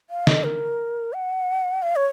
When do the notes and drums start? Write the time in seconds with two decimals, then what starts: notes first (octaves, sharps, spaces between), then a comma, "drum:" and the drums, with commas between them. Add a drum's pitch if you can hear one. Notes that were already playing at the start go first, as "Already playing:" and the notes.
0.10 F5
0.27 D#5, drum: snare
0.44 A#4
1.13 F#5
1.82 F5
1.96 C#5